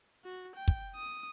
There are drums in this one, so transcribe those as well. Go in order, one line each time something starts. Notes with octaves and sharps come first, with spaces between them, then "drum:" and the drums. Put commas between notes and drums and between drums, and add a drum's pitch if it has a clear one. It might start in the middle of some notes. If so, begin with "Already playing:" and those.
F#4
G5
drum: kick
D#6